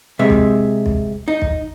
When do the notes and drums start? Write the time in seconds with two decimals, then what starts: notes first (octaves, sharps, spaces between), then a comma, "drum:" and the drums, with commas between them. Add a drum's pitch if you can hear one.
0.19 C3 G#3 E5
0.30 drum: kick
0.86 drum: kick
1.28 D#4
1.42 drum: kick